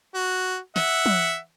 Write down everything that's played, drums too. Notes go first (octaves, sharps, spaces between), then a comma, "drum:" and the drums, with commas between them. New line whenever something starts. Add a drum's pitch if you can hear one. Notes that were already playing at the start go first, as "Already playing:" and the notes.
F#4
E5 F#5, drum: snare
drum: tom